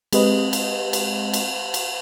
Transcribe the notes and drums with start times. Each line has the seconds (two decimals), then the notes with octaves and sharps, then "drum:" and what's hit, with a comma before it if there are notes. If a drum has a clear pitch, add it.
0.13 G#3 C4 G4 B4 D#5, drum: cymbal
0.53 drum: cymbal
0.93 drum: cymbal
1.34 drum: cymbal
1.74 drum: cymbal